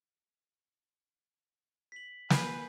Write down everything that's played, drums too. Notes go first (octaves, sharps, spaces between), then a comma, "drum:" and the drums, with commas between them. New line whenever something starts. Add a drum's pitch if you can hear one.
B6 F#7
B4 G#5 G6 C7, drum: snare